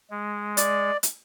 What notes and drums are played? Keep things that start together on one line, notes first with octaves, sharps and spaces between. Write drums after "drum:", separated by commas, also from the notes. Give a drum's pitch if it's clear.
G#3
D5, drum: hi-hat
drum: hi-hat